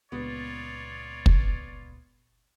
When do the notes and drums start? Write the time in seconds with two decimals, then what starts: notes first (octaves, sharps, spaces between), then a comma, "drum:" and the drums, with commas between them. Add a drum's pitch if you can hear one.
0.12 C#2 A#2 B3 F4 C#5 D5
1.26 drum: kick